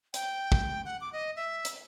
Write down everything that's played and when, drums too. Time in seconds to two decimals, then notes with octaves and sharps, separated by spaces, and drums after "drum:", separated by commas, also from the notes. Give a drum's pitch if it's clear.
0.14 G5, drum: hi-hat
0.52 drum: kick
0.85 F#5
1.01 D6
1.13 D#5
1.36 E5
1.65 drum: hi-hat